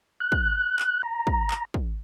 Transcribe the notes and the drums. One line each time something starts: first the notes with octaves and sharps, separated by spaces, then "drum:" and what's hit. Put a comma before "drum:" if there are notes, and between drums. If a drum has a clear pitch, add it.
F#6
drum: kick
drum: clap
A#5
drum: kick
drum: clap
drum: kick